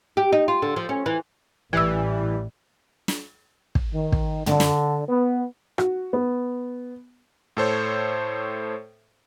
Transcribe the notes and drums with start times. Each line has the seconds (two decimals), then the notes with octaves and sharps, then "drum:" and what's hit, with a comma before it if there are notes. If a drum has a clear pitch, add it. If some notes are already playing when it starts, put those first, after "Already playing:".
0.17 G4
0.33 D#4
0.48 F4
0.62 D3
0.76 F3
0.89 C#4
1.06 E3
1.73 A1 E3 G3 E6 G#6
3.08 drum: snare
3.75 drum: kick
3.93 D#3
4.12 drum: kick
4.46 D3, drum: tom
4.60 drum: snare
5.09 B3
5.78 F#4, drum: rim click
6.13 B3
7.57 A2 A4 C5 C#5